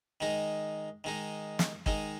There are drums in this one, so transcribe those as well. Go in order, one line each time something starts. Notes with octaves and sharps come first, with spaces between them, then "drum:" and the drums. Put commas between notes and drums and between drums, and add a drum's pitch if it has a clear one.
D#3 G#3 D#4
D#3 G#3 D#4
drum: snare
D#3 G#3 D#4, drum: kick